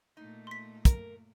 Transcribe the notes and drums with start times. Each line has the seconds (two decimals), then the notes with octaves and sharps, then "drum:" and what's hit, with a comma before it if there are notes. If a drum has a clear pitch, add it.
0.17 A#2 A3 D#4
0.47 C6 B6
0.85 A#4, drum: kick, hi-hat